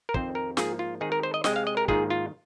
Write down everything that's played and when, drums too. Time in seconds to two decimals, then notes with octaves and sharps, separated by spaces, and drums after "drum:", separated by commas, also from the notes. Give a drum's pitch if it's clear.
0.09 A#4
0.14 F2 D#3 C4 F4 C5, drum: kick
0.35 A#4
0.57 G#2 F3 A#3 F4 G#4, drum: snare
0.79 F4
1.01 D#3 G#3 C4 D#4 G#4
1.12 A#4
1.23 C5
1.34 D#5
1.44 C3 G#3 C4 D#5, drum: snare
1.56 F5
1.67 D#5
1.77 A#4
1.88 G#2 D#3 A#3 F4 G#4, drum: kick
2.10 F4